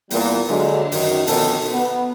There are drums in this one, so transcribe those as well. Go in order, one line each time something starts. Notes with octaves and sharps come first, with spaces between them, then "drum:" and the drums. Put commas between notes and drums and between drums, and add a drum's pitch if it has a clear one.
E2 A#2 G3, drum: open hi-hat
D3 F#3 G#3, drum: cymbal
F#2 D#3, drum: open hi-hat
F2 B2 D3 D#3 C#4 A4, drum: open hi-hat
B3